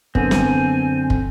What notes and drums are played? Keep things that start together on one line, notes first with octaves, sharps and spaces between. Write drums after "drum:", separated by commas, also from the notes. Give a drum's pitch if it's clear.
F#2 D3 B3 C4 G#5, drum: kick
drum: snare
drum: kick